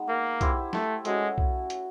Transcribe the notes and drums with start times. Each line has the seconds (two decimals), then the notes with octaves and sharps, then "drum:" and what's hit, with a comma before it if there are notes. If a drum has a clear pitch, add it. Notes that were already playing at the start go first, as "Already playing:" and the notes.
Already playing: G#3 B3 D#4
0.09 A#3
0.41 E4 G4 C5, drum: kick B1, hi-hat
0.73 A3, drum: snare
1.05 G#3 A3 C#4 F#4, drum: hi-hat
1.38 drum: kick B1
1.70 drum: hi-hat